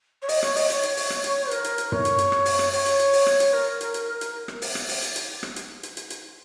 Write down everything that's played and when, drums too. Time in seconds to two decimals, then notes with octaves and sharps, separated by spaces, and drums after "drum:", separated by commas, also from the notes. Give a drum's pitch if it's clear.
0.22 C#5
0.29 D#5, drum: open hi-hat
0.43 C#5, drum: rim click
0.56 D#5, drum: open hi-hat
0.70 C#5, drum: hi-hat
0.83 drum: hi-hat
0.97 drum: open hi-hat
1.10 drum: rim click
1.24 drum: hi-hat
1.51 A#4, drum: hi-hat
1.64 drum: hi-hat
1.78 drum: hi-hat
1.92 C#5, drum: tom
2.05 drum: hi-hat
2.18 drum: hi-hat
2.32 drum: rim click
2.45 drum: open hi-hat
2.59 drum: rim click
2.73 C#5, drum: open hi-hat
2.86 drum: hi-hat
3.00 drum: hi-hat
3.13 drum: open hi-hat
3.27 drum: rim click
3.40 drum: hi-hat
3.53 A#4
3.81 drum: hi-hat
3.94 drum: hi-hat
4.21 drum: hi-hat
4.48 drum: rim click
4.62 drum: open hi-hat
4.75 drum: rim click
4.89 drum: open hi-hat
5.02 drum: hi-hat
5.16 drum: hi-hat
5.43 drum: rim click
5.56 drum: hi-hat
5.83 drum: hi-hat
5.97 drum: hi-hat
6.10 drum: hi-hat